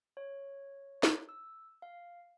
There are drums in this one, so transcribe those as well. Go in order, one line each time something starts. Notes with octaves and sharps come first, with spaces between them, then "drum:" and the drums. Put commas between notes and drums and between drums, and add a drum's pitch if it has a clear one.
C#5
drum: snare
E6
F5